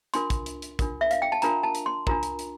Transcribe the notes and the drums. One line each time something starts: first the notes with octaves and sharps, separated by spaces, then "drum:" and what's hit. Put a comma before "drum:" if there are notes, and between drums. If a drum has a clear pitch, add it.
D4 F4 A#4 C6, drum: hi-hat
drum: kick, hi-hat
drum: hi-hat
drum: hi-hat
D4 F4 A#4, drum: kick, hi-hat
E5
F5, drum: hi-hat
G5
A5
D4 F4 A#4 A#5, drum: hi-hat
A5
drum: hi-hat
C6
D4 F4 A#4 A#5, drum: kick
drum: hi-hat
drum: hi-hat